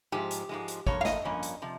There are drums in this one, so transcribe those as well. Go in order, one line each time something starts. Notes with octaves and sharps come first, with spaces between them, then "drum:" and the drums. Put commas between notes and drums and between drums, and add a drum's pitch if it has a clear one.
G#2 F3 G#3 G4
drum: hi-hat
G#2 F3 G#3
drum: hi-hat
G2 F3 A#3 C#5, drum: kick
F5
D#5, drum: snare
G2 F3 A#3 C#4
drum: hi-hat
C3 F3